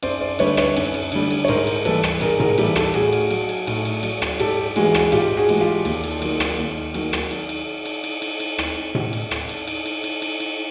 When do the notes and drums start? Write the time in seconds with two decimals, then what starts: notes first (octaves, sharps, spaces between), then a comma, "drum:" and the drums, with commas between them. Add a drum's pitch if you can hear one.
0.03 F#2 C5 D5, drum: cymbal
0.21 C5 D5
0.39 D3 G3 B4 C#5, drum: cymbal
0.57 B4 C#5, drum: rim click
0.77 F#2, drum: cymbal
0.94 drum: cymbal
1.12 D3 G3, drum: cymbal
1.31 drum: cymbal
1.45 C#5
1.48 G#2 A#4 C5, drum: cymbal
1.67 drum: cymbal
1.85 E3 G3 A4 B4, drum: cymbal
2.03 drum: rim click
2.21 G#2 G#4 A#4, drum: cymbal
2.40 G#4 A#4, drum: tom A2
2.58 E3 G3 G4 A4, drum: cymbal
2.75 G4 A4, drum: rim click
2.94 A2 F#4 G#4, drum: cymbal
3.12 drum: cymbal
3.30 F#3, drum: cymbal
3.49 drum: cymbal
3.67 A2, drum: cymbal
3.85 drum: cymbal
4.03 F#3, drum: cymbal
4.22 drum: rim click
4.40 G#2 G4 A4, drum: cymbal
4.76 E3 G#3 F#4 G#4, drum: cymbal
4.94 drum: rim click
5.12 G#2 F4 G4, drum: cymbal
5.37 F#4 G#4
5.49 E3 G#3, drum: cymbal
5.61 F4 G4
5.85 D#2, drum: cymbal
6.04 drum: cymbal
6.22 D#3 F#3, drum: cymbal
6.40 drum: rim click
6.58 D#2
6.94 D#3 F#3, drum: cymbal
7.13 drum: rim click
7.31 drum: cymbal
7.49 drum: cymbal
7.86 drum: cymbal
8.04 drum: cymbal
8.22 drum: cymbal
8.40 drum: cymbal
8.58 drum: rim click
8.95 drum: tom A2
9.13 drum: cymbal
9.31 drum: rim click
9.49 drum: cymbal
9.67 drum: cymbal
9.86 drum: cymbal
10.04 drum: cymbal
10.22 drum: cymbal
10.40 drum: cymbal